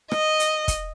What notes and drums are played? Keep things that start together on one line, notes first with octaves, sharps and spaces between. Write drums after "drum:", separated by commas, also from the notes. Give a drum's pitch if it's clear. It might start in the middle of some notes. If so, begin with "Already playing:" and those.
D#5, drum: rim click
drum: hi-hat
drum: kick, hi-hat